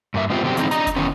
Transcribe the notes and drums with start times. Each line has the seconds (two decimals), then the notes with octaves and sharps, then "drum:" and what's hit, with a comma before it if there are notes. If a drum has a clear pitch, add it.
0.14 G2 A#3 E5
0.30 G#3 B3 C4 F4 G4
0.43 B2 D3 F#3 C4 G4
0.57 E3 F#3 G#3 A#3 C4 D#4, drum: hi-hat
0.71 D4 D#5 A#5, drum: hi-hat
0.87 drum: kick F1, hi-hat
0.96 D#3 E3 B3 C#4